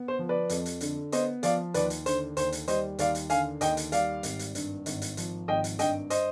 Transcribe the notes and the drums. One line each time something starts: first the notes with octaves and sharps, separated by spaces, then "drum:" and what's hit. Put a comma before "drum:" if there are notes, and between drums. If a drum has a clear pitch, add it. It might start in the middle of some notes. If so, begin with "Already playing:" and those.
Already playing: B3
C5
F3
B4 D5
F2, drum: hi-hat
drum: hi-hat
D3, drum: hi-hat
B3 C5 D#5, drum: hi-hat
F3 D5 F5, drum: hi-hat
D#2 B4 D5, drum: hi-hat
drum: hi-hat
D3 C5, drum: hi-hat
D#2 C5, drum: hi-hat
drum: hi-hat
G3 C5 D#5, drum: hi-hat
D#2 D5 F5, drum: hi-hat
drum: hi-hat
D3 F5 G#5, drum: hi-hat
D#2 D#5 G5, drum: hi-hat
drum: hi-hat
G3 D5 F5, drum: hi-hat
G#1, drum: hi-hat
drum: hi-hat
G2, drum: hi-hat
G#1, drum: hi-hat
drum: hi-hat
F3, drum: hi-hat
G#1 D#5 G5
drum: hi-hat
G2 D#5 G5, drum: hi-hat
C5 D#5, drum: hi-hat